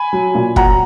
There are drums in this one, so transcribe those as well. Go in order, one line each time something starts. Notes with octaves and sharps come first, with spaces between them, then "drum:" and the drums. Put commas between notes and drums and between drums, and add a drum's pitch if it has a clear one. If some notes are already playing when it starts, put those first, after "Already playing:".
Already playing: G#5 B5
F#3
A#2
F#3 F#5 A#5, drum: kick